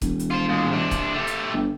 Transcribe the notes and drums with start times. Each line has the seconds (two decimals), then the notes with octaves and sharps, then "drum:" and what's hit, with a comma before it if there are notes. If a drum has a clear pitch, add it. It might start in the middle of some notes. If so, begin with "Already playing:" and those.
0.02 E1, drum: kick C#1, hi-hat
0.20 drum: hi-hat
0.30 F4 C5
0.49 A#2 G#3
0.70 C3 D4
0.91 drum: kick C#1, hi-hat
1.14 A3 G4
1.27 drum: hi-hat
1.53 G1